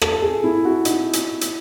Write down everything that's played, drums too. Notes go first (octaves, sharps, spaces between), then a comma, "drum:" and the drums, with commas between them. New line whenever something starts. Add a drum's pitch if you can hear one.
A4, drum: rim click
A4
G#4
E4
F#4
D#4, drum: hi-hat
drum: hi-hat
drum: hi-hat